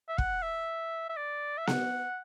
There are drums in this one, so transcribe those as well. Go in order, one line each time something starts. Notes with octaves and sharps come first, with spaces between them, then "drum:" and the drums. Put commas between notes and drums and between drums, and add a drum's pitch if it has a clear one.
E5
F#5, drum: kick
E5
E5
D5
E5
F#5, drum: snare B3